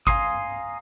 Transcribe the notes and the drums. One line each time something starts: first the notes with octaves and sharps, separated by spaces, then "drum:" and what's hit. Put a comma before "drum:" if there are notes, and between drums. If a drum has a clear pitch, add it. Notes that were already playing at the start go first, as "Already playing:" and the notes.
F5 G#5 A#5 C6 D#6, drum: kick G#1